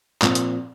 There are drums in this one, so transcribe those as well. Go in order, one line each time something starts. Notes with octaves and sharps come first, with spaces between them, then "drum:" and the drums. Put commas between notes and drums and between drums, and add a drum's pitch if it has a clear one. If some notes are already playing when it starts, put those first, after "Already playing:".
A#2 F3 C4, drum: clap
drum: hi-hat